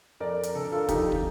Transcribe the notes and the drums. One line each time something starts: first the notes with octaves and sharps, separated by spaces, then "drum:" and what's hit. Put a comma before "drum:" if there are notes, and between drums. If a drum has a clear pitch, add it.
F2 A#4 D5
drum: hi-hat
D3 A4
A#4
F4 A4
F2 D#4 G4, drum: kick, hi-hat
drum: kick